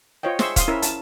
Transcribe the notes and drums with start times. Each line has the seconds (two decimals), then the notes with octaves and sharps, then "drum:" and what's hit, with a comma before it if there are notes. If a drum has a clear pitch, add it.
0.23 F4 C5 C#5 D#5 G5
0.39 G#4 C5 E5 C6 C#6 E6, drum: snare
0.56 F5 C6 D#6, drum: kick D#1, hi-hat
0.68 C#4 E4 A#4 E5
0.82 A5, drum: hi-hat